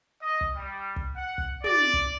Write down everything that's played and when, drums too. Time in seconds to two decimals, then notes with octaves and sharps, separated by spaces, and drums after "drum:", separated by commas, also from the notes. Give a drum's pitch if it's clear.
0.22 D#5
0.41 drum: kick
0.55 G3
0.96 drum: kick
1.17 F#5
1.38 drum: kick
1.64 D5, drum: tom
1.93 drum: kick